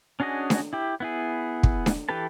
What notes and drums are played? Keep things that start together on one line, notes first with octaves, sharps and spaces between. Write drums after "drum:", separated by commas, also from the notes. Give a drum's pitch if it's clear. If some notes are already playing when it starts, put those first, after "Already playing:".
C#4 D4 F#4 G#4 D#5
drum: snare D4
E4 G4
B3 E4 G#4
drum: kick
drum: snare D4
E3 G4 A4 B4 A5